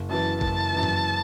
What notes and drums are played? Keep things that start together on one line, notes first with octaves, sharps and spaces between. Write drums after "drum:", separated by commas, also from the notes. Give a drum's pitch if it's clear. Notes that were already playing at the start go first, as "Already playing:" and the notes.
Already playing: F#1
F#2 E3 A5
F#1 A5, drum: kick
F#2 E3
drum: tom G2